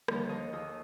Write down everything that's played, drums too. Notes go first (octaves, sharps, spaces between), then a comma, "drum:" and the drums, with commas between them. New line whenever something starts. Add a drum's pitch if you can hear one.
D#2 D3 D#3 F3 G3 A#3, drum: rim click
A4 C#5 D#5 F5
D#2 F4 G#4 A#5 D#6 E6